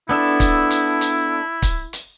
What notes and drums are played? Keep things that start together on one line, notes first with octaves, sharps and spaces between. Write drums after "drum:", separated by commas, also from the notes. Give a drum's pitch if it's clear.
B3 D4 E4 A4
drum: kick, hi-hat
drum: hi-hat
drum: hi-hat
drum: kick, hi-hat
drum: hi-hat